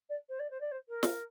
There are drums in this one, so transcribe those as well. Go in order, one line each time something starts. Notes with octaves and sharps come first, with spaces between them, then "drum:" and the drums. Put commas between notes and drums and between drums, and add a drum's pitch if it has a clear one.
D5
C5
D5
C5
D5
C5
A#4
drum: snare